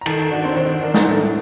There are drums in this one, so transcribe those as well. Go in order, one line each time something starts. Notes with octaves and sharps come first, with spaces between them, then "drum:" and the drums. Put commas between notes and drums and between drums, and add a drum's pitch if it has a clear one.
A#5
D#3 A4 A5, drum: cymbal
A4 A5
D4 F#4 F#5
C4 C5
D#3 C4 C5
D4 A#4
drum: snare
A2 A4